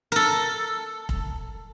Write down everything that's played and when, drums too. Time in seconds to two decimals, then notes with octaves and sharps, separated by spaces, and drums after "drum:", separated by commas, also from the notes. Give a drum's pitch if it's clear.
0.12 A4 A#4
1.09 drum: kick